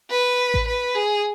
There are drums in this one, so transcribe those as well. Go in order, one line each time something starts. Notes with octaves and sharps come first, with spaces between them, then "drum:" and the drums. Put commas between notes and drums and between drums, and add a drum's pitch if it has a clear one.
B4
drum: kick A1
B4
G#4